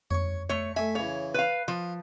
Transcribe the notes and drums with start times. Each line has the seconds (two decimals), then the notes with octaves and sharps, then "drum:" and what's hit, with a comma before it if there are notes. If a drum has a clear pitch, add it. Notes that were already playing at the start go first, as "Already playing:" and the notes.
0.11 C#5 C#6, drum: tom F2
0.49 A3 C#5 C#6
0.76 A3 E5 G#5
0.95 C#3 E3 C#5
1.34 B4 F5
1.68 F3 F4